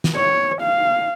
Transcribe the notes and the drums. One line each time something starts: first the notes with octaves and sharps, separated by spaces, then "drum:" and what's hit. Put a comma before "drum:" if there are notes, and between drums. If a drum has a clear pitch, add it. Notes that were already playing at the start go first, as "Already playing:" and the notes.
drum: snare
C#5
F5